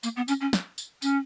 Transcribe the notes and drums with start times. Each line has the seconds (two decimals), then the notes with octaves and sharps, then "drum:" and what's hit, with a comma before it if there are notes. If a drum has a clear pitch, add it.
0.03 A#3, drum: tambourine
0.16 B3
0.28 C#4, drum: tambourine
0.41 C#4
0.53 drum: snare
0.78 drum: tambourine
1.02 C#4, drum: tambourine